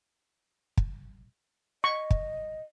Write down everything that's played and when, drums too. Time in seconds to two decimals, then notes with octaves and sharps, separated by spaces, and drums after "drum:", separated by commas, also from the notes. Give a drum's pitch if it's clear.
0.77 drum: kick
1.84 D#5 C#6
2.11 drum: kick